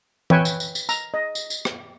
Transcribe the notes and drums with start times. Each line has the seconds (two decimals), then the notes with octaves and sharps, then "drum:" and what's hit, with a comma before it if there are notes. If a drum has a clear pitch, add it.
0.30 B4 C#5 E5 G5 G#5 C#6, drum: tom E3
0.45 drum: tambourine
0.60 drum: tambourine
0.75 drum: tambourine
0.89 A#5, drum: tambourine
1.14 D#5
1.35 drum: tambourine
1.50 drum: tambourine
1.65 drum: rim click